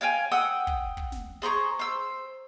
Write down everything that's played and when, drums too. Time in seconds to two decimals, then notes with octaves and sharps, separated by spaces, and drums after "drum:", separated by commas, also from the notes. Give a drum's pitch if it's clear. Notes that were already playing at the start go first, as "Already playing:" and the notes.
0.01 C#5 F5 G5 G#5
0.32 F#5 G5 D#6 E6
0.67 drum: kick
0.97 drum: kick
1.12 drum: snare
1.42 G#4 C5 A#5 C#6
1.79 C5 E6